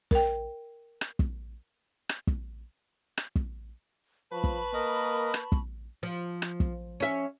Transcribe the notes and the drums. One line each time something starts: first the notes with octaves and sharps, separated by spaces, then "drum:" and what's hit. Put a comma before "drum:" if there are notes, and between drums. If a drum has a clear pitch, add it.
A#4 G5, drum: kick
drum: rim click
drum: kick
drum: rim click
drum: kick
drum: rim click
drum: kick
F3 B4 A5 B5 C#6
drum: kick
A#3 A#4 D#5
drum: rim click
drum: kick
F3
drum: rim click
drum: kick
C#4 E5